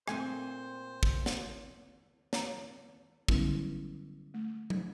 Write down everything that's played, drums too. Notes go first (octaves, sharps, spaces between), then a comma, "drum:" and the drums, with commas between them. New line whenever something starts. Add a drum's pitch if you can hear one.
A#2 A3 C4 C5 G5 G#5, drum: rim click
drum: kick
drum: snare
C#5 A#5, drum: snare
D3 F#3 G3 B3 C#4 E4, drum: kick
A3
drum: tom F#3